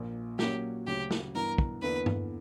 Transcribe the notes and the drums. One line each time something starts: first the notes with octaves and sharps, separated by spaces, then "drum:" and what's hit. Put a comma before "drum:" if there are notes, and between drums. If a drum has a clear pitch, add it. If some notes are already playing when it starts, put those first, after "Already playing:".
Already playing: A#1 A#2 A#3
A#2 F#3 A#3 C#4 F#4 G4, drum: snare
D2 C#3 F#3 G4
drum: snare
G2 E3 B3 A#4
drum: kick
E2 D3 A#3 E4 B4
drum: tom G2